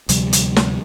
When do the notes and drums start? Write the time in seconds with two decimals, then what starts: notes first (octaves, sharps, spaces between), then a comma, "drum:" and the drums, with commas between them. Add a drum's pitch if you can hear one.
0.09 D2 C3 F3 G3, drum: hi-hat
0.33 drum: hi-hat
0.56 drum: snare